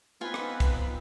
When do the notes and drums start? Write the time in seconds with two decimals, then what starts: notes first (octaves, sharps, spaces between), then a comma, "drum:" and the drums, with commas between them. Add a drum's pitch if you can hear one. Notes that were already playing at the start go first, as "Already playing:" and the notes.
0.21 B3 C4 D#4 F4 B4 G#5
0.34 drum: rim click
0.60 drum: kick, hi-hat